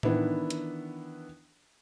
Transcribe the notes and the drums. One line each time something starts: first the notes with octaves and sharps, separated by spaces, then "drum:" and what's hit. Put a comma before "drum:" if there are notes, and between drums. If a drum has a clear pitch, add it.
D#3 E3 B3 D4 E4, drum: tom A2
drum: hi-hat